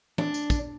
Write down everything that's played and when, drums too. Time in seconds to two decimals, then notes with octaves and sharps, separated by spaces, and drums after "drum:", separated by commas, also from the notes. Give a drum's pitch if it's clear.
0.18 D4, drum: tom E3
0.34 drum: tambourine
0.50 drum: kick, tambourine